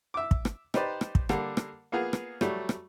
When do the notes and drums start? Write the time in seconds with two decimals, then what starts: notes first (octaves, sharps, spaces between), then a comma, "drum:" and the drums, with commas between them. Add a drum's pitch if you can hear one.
0.14 E5 D6
0.31 drum: kick
0.45 drum: rim click
0.74 D#4 G4 B4 C5 D5, drum: rim click
1.01 drum: rim click
1.15 drum: kick
1.29 D3 G3 A#3, drum: rim click
1.57 drum: rim click
1.92 A#3 B3 F4 G#4
2.13 drum: rim click
2.41 F#3 G3 A3, drum: rim click
2.69 drum: rim click